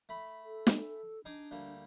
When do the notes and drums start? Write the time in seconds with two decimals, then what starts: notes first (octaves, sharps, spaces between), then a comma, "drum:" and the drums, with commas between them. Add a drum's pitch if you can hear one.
0.09 A3 B5
0.44 A4
0.67 drum: snare
0.77 A4
1.25 D4 D#4 G#4 D6
1.51 D2 G3 A#3